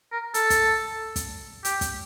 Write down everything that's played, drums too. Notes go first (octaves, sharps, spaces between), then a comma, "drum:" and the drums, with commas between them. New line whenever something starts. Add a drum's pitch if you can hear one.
A#4
A4, drum: hi-hat
drum: kick, hi-hat
drum: kick, hi-hat
G4, drum: hi-hat
drum: kick, hi-hat